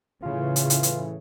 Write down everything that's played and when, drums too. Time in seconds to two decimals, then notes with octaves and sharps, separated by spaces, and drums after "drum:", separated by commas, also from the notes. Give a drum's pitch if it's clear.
0.23 A2 C#3 E3 F4
0.56 drum: hi-hat
0.70 drum: hi-hat
0.83 drum: hi-hat